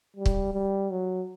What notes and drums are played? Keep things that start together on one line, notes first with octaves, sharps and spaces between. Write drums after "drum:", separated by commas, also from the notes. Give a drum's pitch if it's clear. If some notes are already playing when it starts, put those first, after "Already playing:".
G3
drum: kick
G3
F#3